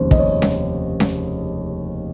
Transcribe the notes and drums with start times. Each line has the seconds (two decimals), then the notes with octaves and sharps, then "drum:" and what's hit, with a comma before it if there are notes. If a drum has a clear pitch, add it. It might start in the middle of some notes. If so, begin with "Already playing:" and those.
Already playing: F1 D#2 C#3 G3 C5
0.11 D#5, drum: kick
0.19 C#5
0.42 drum: snare C#4
1.00 drum: snare C#4